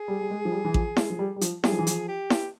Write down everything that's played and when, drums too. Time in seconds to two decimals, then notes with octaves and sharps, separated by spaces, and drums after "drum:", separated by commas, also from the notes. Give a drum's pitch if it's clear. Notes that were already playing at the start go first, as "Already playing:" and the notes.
Already playing: G#4
0.08 G3
0.21 G3
0.30 G#3
0.45 F3
0.52 G3
0.65 E3
0.74 F3, drum: kick A1
0.97 G#3, drum: snare E4
1.10 F3
1.19 G3
1.36 G3
1.41 F3, drum: hi-hat
1.64 G3 G#4, drum: snare E4
1.72 F3
1.79 E3
1.87 F3, drum: hi-hat
2.09 G4
2.30 drum: snare E4